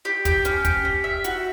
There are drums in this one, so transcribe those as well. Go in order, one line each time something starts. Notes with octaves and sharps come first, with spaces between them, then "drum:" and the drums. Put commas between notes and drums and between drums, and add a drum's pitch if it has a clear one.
G4
G4, drum: kick, hi-hat
C#4, drum: hi-hat
G4, drum: kick, hi-hat
C#4
E5
F#4, drum: hi-hat